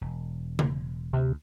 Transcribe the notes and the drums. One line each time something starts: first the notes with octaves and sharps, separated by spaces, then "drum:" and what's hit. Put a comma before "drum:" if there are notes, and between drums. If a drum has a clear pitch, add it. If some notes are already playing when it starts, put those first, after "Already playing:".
E1
drum: tom C#3
D2 C3